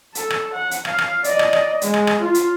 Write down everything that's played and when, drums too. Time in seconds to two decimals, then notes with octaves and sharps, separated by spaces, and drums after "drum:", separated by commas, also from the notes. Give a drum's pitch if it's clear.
0.15 A4, drum: hi-hat
0.30 drum: rim click
0.53 F#5
0.71 drum: hi-hat
0.85 F5, drum: rim click
0.98 drum: rim click
1.24 D5 D#5, drum: hi-hat
1.39 drum: rim click
1.53 drum: rim click
1.81 G#3, drum: hi-hat
1.94 drum: rim click
2.07 drum: rim click
2.20 F4
2.34 drum: hi-hat